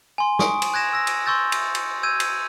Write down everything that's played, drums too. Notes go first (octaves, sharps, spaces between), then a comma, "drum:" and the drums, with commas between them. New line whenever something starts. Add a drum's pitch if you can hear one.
G#5 C6
C#6 D#6 D7, drum: snare
drum: cymbal
F#6 G#6 A#6 E7
E6 A#6
drum: cymbal
C6 C#6 E6 G6 A6
drum: cymbal
drum: cymbal
E6 G6 G#6 D#7
drum: cymbal